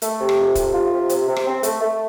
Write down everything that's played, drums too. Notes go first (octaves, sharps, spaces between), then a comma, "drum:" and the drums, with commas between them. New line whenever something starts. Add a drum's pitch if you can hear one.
A3, drum: hi-hat
C3
drum: rim click
F2
C3, drum: kick, hi-hat
F4
C3
C3, drum: hi-hat
C3
drum: rim click
C4
A3, drum: hi-hat
A3